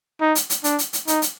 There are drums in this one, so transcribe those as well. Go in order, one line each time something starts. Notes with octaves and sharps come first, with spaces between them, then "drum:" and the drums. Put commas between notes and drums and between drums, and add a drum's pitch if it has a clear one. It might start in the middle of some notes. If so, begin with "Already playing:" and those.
D#4
drum: hi-hat
drum: hi-hat
D4, drum: hi-hat
drum: hi-hat
drum: hi-hat
D#4, drum: hi-hat
drum: hi-hat